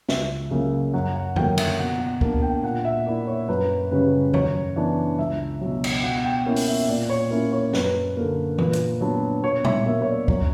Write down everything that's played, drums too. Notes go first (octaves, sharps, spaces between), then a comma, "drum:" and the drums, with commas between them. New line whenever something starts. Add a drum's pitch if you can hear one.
C#2 E5, drum: snare
C#3 F#3 A#3
F#2 F#5
F#5
D3 F#3 A#3 G5, drum: tom E2
E5, drum: cymbal
B2 F#5
F#5
A#3 D4, drum: kick C#2
G5
A#2 F#5
E5
A#3 E4 D5
C#5
F#2 B4
C#3 G3 C#4 B4
F#2 C#5, drum: tom E2
E3 B3 D4 D5
C#2 E5
B2 F#3
drum: cymbal
B2 F#5
F#5
G5
A#3 C#4 E4
drum: open hi-hat
E5
E5
A#2 D5
C#5
A#3 C#4 E4
C#5
F#2 B4, drum: snare
D3 A#3 A#4
A#2 B4, drum: tom E3
drum: hi-hat
F#3 B3 D4
B2 C#5
E5, drum: tom A#2
F#3 A#3 E5
C#5
D5
F#2 C#5, drum: kick C#2